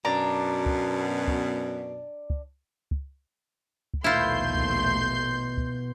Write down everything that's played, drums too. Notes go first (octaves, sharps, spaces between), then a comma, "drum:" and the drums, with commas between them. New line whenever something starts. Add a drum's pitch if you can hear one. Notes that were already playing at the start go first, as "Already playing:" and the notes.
F#2 B2 D4 A#5
drum: kick
drum: kick
drum: kick
drum: kick
drum: kick
A#1 D#2 B2 A3 E4 F4 C6 G6
drum: kick
drum: kick